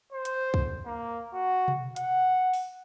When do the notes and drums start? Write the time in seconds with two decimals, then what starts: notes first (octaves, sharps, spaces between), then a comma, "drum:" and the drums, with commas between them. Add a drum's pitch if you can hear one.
0.12 C5
0.25 drum: hi-hat
0.54 drum: kick
0.86 A#3
1.33 F#4
1.68 drum: tom B2
1.96 F#5, drum: hi-hat
2.53 drum: open hi-hat